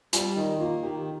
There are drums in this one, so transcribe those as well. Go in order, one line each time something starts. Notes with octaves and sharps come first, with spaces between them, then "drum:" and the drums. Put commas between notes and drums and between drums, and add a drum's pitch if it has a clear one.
G3 F4, drum: hi-hat
D#3 D#4
D#4
A#3 F4
D#3 G4